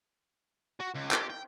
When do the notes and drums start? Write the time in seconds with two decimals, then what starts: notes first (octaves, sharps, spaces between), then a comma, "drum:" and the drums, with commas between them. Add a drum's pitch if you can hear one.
0.80 F#4
0.94 C#2
1.11 G4, drum: clap
1.30 G5